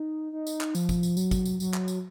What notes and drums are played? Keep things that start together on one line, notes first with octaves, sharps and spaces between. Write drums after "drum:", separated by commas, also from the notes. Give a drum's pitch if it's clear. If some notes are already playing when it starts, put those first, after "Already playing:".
Already playing: D#4
D#4
drum: tambourine
drum: clap
F3, drum: tambourine
drum: kick, tambourine
drum: tambourine
F#3, drum: tambourine
drum: kick, tambourine
drum: tambourine
F#3, drum: tambourine
drum: clap
drum: tambourine